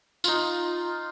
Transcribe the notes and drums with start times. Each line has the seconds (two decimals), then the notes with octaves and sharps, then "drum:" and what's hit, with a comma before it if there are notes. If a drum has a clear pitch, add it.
0.24 D#4 F4, drum: tambourine